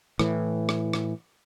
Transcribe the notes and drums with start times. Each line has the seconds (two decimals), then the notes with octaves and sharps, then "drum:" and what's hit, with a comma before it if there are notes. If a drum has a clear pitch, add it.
0.19 A2 E3, drum: rim click
0.69 drum: rim click
0.93 drum: rim click